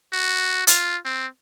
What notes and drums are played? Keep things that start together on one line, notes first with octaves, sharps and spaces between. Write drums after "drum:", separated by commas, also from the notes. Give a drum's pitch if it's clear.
F#4
F4, drum: hi-hat
C4